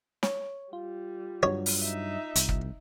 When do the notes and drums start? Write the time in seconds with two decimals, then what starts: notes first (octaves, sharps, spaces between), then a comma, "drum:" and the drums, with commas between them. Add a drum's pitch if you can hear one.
0.23 C#5, drum: snare
0.73 G3 F4
1.43 G2 F#3 C#5
1.66 drum: open hi-hat
1.80 D#4 E5
2.35 C2, drum: hi-hat
2.49 drum: kick